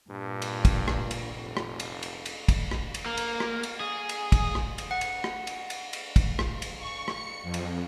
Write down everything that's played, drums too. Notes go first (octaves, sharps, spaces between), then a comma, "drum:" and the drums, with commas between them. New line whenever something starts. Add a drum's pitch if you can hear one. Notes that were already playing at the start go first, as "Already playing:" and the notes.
G2 A#2
drum: cymbal
drum: kick, cymbal
drum: rim click
drum: cymbal
F1
drum: rim click
drum: cymbal
drum: cymbal
drum: cymbal
drum: kick, cymbal
drum: rim click
drum: cymbal
A#3
drum: cymbal
drum: rim click
drum: cymbal
G#4
drum: cymbal
drum: kick, cymbal
drum: rim click
drum: cymbal
F#5
drum: cymbal
drum: rim click
drum: cymbal
drum: cymbal
drum: cymbal
drum: kick, cymbal
drum: rim click
drum: cymbal
C#6
C#7, drum: rim click
F2
drum: cymbal